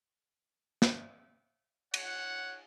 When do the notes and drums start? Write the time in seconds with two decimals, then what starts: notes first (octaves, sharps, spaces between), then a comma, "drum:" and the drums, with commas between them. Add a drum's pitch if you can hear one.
0.82 drum: snare
1.94 C#5 F#5, drum: cymbal